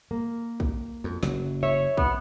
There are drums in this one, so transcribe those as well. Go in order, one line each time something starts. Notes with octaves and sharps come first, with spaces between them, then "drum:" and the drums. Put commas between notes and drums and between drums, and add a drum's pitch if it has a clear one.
A#3
drum: kick
F2
F#1 F#3, drum: snare
C#5 E5
B3, drum: kick